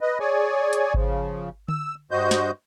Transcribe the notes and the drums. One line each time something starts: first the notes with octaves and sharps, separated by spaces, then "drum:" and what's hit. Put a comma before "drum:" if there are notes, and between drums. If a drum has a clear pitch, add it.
B4 D#5
G#4 C#5 D5 G#5
drum: hi-hat
C#3 F3, drum: kick G#1
E6, drum: tom D3
G2 F#4 C5 D#5 G6
drum: snare